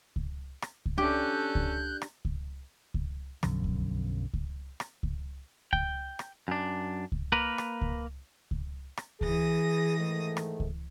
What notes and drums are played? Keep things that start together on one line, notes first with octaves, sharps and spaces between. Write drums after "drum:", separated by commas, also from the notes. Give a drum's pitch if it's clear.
drum: kick C#2
drum: rim click
drum: kick C#2
C#4 D4 G4 A4 F#6 G6
drum: kick C#2
drum: rim click
drum: kick C#2
drum: kick C#2
B1 F#2 D3 F3, drum: rim click
drum: kick C#2
drum: kick C#2
drum: rim click
drum: kick C#2
G5, drum: kick C#2
drum: rim click
F#2 D4
drum: kick C#2
A#3 A#4 B4
drum: rim click
drum: kick C#2
drum: kick C#2
drum: rim click
E3 G#4 D#6 A#6, drum: kick C#2
G#2 D#3 A3
drum: rim click
drum: kick C#2